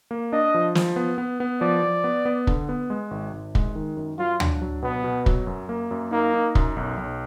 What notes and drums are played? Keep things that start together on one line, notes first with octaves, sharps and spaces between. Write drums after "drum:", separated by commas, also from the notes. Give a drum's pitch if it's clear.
A#3
D4 D#5
F3
F3, drum: snare
B3
B3
B3
F3 D5
F3
B3
B3
D3, drum: kick
B3
G#3
G#1
G#1
G#3, drum: kick
D#3
F#2
F#3 F4
D4, drum: tom D2
F#3
B2 B3
B2
F#3, drum: kick
F#2
A#3
F#2
A#3 D#4
D#4
F#2, drum: kick
B1
B1